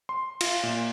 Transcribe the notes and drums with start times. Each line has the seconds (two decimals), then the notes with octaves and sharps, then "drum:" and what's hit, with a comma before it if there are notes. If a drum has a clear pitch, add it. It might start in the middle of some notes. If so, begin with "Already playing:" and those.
0.09 C6
0.41 F4, drum: cymbal
0.63 A#2